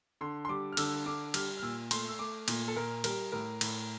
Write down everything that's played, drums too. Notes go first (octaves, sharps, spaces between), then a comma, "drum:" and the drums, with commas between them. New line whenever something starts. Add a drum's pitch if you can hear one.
D3 C6
C6
G3 D6
F6
D3 E6, drum: cymbal
D3 D6
G3 F6, drum: cymbal
F6
A#2 E6
A3 C6, drum: cymbal
E6
A3 D6
A#2, drum: cymbal
A4
A#2 A#4
G3 A#4, drum: cymbal
A2 A#4
A2, drum: cymbal